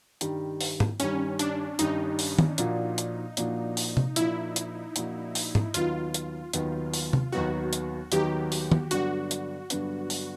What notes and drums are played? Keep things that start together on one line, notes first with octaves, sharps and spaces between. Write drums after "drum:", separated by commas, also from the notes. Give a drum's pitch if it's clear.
G2 D#3 G3, drum: hi-hat
drum: open hi-hat
drum: tom G#2
G2 D#3 G3 C#4, drum: hi-hat
D4, drum: hi-hat
G2 D#3 G3 D#4, drum: hi-hat
drum: open hi-hat
drum: tom
A#2 F3 A#3 D4 F#4, drum: hi-hat
drum: hi-hat
A#2 F3 A#3 D4 F#4, drum: hi-hat
drum: open hi-hat
drum: tom C3
A#2 F3 A#3 D4 E4 F#4, drum: hi-hat
drum: hi-hat
A#2 F3 A#3 D4 F#4, drum: hi-hat
drum: open hi-hat
drum: tom G#2
D#2 D#3 F#3 B3 D#4 F4, drum: hi-hat
drum: hi-hat
D#2 D#3 F#3 B3 D#4, drum: hi-hat
drum: open hi-hat
drum: tom C3
D#2 D#3 F#3 B3 D#4 F#4
drum: hi-hat
D#2 D#3 F#3 B3 D#4 G4, drum: hi-hat
drum: open hi-hat
drum: tom
G2 D3 F#3 B3 D4 F#4, drum: hi-hat
drum: hi-hat
G2 D3 F#3 B3 D4, drum: hi-hat
drum: open hi-hat